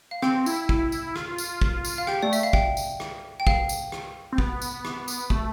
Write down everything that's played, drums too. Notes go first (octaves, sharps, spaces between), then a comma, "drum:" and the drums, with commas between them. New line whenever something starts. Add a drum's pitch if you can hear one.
F5
C4 G5, drum: rim click
E4, drum: tambourine
drum: kick
drum: tambourine
F4, drum: rim click
drum: tambourine
drum: kick
drum: tambourine
F5
G4 G5, drum: rim click
A3 D5
E5, drum: tambourine
F5
G5, drum: kick
drum: tambourine
drum: rim click
G5
F5, drum: kick
drum: tambourine
drum: rim click
C4
B3, drum: kick
drum: tambourine
drum: rim click
drum: tambourine
A3, drum: kick